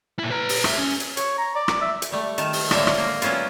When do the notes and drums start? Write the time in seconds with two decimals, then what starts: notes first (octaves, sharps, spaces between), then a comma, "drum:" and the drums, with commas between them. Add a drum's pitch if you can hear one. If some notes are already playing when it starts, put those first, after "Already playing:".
0.19 A#2 E4
0.31 B4 A#5
0.49 drum: open hi-hat
0.64 A2 E5, drum: rim click
0.78 C#4
1.00 drum: hi-hat
1.17 C#5, drum: hi-hat
1.38 A#5
1.56 D5
1.68 drum: rim click
1.81 E5
2.02 drum: hi-hat
2.12 G3 A3
2.38 D#3 A5, drum: hi-hat
2.53 drum: open hi-hat
2.71 A2 D3 G3 A#3 E5 A5, drum: rim click
2.87 drum: rim click
2.98 A#3
3.22 F#3 B3 C#4 E4 F4, drum: hi-hat